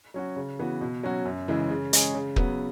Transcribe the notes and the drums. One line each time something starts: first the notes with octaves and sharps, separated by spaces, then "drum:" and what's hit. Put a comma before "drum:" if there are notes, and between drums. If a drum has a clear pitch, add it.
F#3 C#4 F#4
C#3
E3 B3 F#4
B2
F#3 C#4 F#4
F#2
C#3 E3 G#3
C#3
G#3 C#4 G#4, drum: hi-hat
C#3
F#3 B3, drum: kick